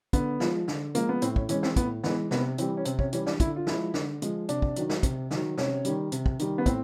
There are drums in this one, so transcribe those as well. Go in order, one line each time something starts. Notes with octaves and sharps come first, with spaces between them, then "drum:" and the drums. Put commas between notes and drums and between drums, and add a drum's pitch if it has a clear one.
D3 B3, drum: kick, hi-hat
F3 G#3, drum: snare
D3, drum: snare
F3 G#3 A#3, drum: hi-hat
B3
A2 C4, drum: hi-hat
C#4, drum: kick
E3 G#3 C#4, drum: hi-hat
C4, drum: snare
A2 B3, drum: kick, hi-hat
E3 G#3 B3, drum: snare
C3 B3, drum: snare
E3 G3 C4, drum: hi-hat
C#4
C3 C4, drum: hi-hat
C#4, drum: kick
E3 G3 C#4, drum: hi-hat
D4, drum: snare
D3 E4, drum: kick, hi-hat
F4
F3 G#3 E4, drum: snare
D3, drum: snare
F3 G#3, drum: hi-hat
C3 D4, drum: hi-hat
drum: kick
D#3 F#3, drum: hi-hat
drum: snare
C3, drum: kick, hi-hat
D#3 F#3, drum: snare
C3 C#4, drum: snare
D#3 G3, drum: hi-hat
C3, drum: hi-hat
drum: kick
D#3 G3, drum: hi-hat
B3
A2 C4, drum: kick, hi-hat